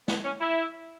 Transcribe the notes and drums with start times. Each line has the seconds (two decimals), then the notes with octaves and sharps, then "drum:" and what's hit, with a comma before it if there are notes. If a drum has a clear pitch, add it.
0.08 B3, drum: snare
0.24 C#4
0.41 E4